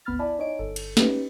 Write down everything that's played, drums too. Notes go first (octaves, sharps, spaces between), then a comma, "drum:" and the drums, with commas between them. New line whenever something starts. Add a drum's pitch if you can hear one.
G#1 D2 B3 B5 F6 A6
E4 D5 G#5 A5 B5
D#4 C#5 D#5 G#5 D7
G1 A4
drum: cymbal
C#4 D#4 G4 B4, drum: snare